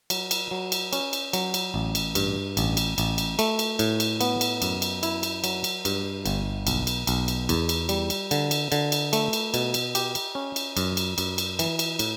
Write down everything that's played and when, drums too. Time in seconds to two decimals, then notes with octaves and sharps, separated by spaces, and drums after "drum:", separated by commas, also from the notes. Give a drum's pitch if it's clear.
0.10 F#3, drum: cymbal
0.31 drum: cymbal
0.51 F#3
0.72 drum: cymbal
0.93 C#4, drum: cymbal
1.13 drum: cymbal
1.33 F#3, drum: cymbal
1.54 drum: cymbal
1.74 A1
1.95 drum: cymbal
2.15 G2, drum: cymbal
2.57 A1, drum: cymbal
2.77 drum: cymbal
2.98 A1, drum: cymbal
3.18 drum: cymbal
3.39 A3, drum: cymbal
3.59 drum: cymbal
3.79 A2, drum: cymbal
4.00 drum: cymbal
4.21 B3, drum: cymbal
4.41 drum: cymbal
4.62 F#2, drum: cymbal
4.82 drum: cymbal
5.03 E4, drum: cymbal
5.23 drum: cymbal
5.44 F#3, drum: cymbal
5.64 drum: cymbal
5.85 G2, drum: cymbal
6.26 G1, drum: cymbal
6.67 B1, drum: cymbal
6.87 drum: cymbal
7.07 B1, drum: cymbal
7.28 drum: cymbal
7.49 E2, drum: cymbal
7.69 drum: cymbal
7.89 G3, drum: cymbal
8.10 drum: cymbal
8.31 D3, drum: cymbal
8.51 drum: cymbal
8.72 D3, drum: cymbal
8.92 drum: cymbal
9.13 A3, drum: cymbal
9.33 drum: cymbal
9.54 B2, drum: cymbal
9.74 drum: cymbal
9.95 G4, drum: cymbal
10.15 drum: cymbal
10.35 C#4
10.56 drum: cymbal
10.77 F#2, drum: cymbal
10.97 drum: cymbal
11.18 F#2, drum: cymbal
11.38 drum: cymbal
11.59 E3, drum: cymbal
11.79 drum: cymbal
11.99 A2, drum: cymbal